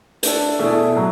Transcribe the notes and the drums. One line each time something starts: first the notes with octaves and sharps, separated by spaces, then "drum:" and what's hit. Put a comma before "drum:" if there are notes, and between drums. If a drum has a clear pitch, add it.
A3 D4 A4, drum: hi-hat
B2 A3 E4 G#4 D5
A2 F#3